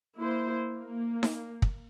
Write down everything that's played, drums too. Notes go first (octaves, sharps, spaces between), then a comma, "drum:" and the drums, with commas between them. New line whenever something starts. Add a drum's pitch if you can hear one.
A#3 E4 C5
A#3
drum: snare D#4
drum: kick